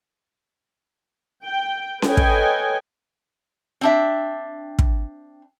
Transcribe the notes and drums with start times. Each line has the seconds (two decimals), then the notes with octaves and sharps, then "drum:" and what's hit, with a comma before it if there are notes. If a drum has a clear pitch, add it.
1.46 G5
2.02 A4 B4 C#5 D#5 G5 G#5, drum: snare C#4
2.17 drum: kick
3.81 C4 D4 E5
4.79 drum: kick